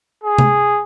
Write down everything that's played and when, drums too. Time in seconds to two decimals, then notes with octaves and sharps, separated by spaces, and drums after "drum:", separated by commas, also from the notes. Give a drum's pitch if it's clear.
0.24 G#4
0.38 drum: tom C3